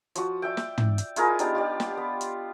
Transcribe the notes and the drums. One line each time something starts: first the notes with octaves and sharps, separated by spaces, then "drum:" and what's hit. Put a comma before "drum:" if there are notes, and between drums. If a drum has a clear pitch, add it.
F3 F#4, drum: hi-hat
D5 E5 G5
drum: snare
drum: tom
drum: hi-hat
E4 F4 G#4 A#4, drum: hi-hat
B3 D4 D#4 G4, drum: hi-hat
F4 G4 D5
drum: snare
B3
drum: hi-hat